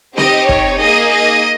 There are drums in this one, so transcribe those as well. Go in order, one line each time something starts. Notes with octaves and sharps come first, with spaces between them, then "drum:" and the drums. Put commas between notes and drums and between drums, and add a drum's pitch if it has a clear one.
C4 D#4 G4 D#5, drum: snare C4
C#5, drum: kick
A#3 D#4 G#4 D#5
D#5